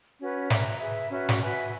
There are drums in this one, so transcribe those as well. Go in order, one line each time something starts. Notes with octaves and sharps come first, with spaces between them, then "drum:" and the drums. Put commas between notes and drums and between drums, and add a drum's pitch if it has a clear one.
C#4 F#4 B4
B4 E5 A#5, drum: snare
G#4 B4 E5
C#4 F#4 B4 E5
drum: snare
F#4 B4 E5 G#5